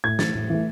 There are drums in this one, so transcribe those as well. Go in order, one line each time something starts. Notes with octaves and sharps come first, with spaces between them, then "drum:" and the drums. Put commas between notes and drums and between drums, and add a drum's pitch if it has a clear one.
A2 G#6
E3 A3 A6, drum: snare
A2
E3 A3